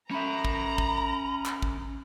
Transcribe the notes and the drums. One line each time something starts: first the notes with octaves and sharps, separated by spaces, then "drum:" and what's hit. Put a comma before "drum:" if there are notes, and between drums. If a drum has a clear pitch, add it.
C#4 E5 A#5 B5
drum: kick
drum: kick
drum: clap
drum: kick